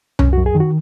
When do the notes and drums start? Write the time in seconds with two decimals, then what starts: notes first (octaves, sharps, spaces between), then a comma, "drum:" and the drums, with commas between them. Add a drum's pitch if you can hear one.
0.19 F#2 C#4, drum: tom C2
0.33 F#4
0.38 F#2
0.46 G#4
0.55 D#3
0.60 F#4